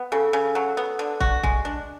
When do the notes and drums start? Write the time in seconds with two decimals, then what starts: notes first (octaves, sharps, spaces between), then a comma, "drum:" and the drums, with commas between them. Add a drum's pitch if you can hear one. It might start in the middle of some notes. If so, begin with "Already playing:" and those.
Already playing: B3
0.12 C#3 A4
0.33 C#3
0.55 F#3
0.77 B3
0.99 D3
1.20 F#4, drum: kick
1.43 G#3, drum: kick
1.65 D4